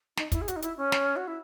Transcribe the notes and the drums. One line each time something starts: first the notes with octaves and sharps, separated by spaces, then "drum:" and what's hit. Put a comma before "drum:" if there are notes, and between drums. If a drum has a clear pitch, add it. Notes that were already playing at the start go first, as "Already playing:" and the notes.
D#4, drum: snare
E4, drum: kick, hi-hat
G#4
F#4, drum: hi-hat
D#4
E4, drum: hi-hat
C#4
drum: snare
F#4
E4